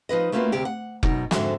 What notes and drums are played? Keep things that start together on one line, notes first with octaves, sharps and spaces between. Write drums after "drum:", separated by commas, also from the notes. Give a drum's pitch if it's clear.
F3 D#4 B4 D#5
A3 A#3 C#4 F4 F#4 B4
D2 C3 G4 D5
F#5
F#2 B2 D#4, drum: kick F1
F2 G#2 D3 F#4 E5, drum: snare